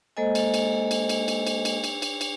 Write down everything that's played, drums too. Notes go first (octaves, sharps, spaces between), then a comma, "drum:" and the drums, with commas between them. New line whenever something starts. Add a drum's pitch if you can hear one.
G#3 A#3 A4 C5 D#5 G#5
drum: cymbal
drum: cymbal
drum: cymbal
drum: cymbal
drum: cymbal
drum: cymbal
drum: cymbal
drum: cymbal
drum: cymbal
drum: cymbal